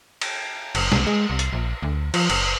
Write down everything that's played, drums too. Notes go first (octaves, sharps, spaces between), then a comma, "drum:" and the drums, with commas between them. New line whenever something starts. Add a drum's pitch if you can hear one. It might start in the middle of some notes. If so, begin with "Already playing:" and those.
drum: cymbal
F#1, drum: cymbal
C2, drum: snare
G#3
C2
drum: hi-hat
A#1
D2
F3, drum: cymbal
F#1, drum: cymbal